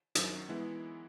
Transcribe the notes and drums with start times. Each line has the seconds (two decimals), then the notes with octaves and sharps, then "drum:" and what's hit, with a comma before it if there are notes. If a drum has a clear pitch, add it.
0.15 F#2 D#3 F#3, drum: hi-hat
0.49 E3 G#3 B3 E4